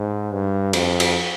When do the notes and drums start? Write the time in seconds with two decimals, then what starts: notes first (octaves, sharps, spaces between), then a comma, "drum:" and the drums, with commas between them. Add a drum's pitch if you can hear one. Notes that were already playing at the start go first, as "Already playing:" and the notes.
Already playing: G#2
0.32 G2
0.73 F2, drum: cymbal
1.00 drum: cymbal